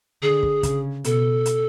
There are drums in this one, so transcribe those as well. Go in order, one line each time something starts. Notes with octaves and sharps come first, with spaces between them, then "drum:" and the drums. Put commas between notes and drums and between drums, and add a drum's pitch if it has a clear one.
D3 G#4
drum: kick
C#3, drum: kick, hi-hat
B2 A4, drum: hi-hat
drum: hi-hat